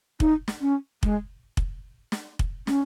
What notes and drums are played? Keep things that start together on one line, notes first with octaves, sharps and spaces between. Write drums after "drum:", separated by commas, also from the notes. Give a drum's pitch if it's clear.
D#4, drum: kick
drum: snare
C#4
G#3, drum: kick
drum: kick
drum: snare
drum: kick
C#4, drum: snare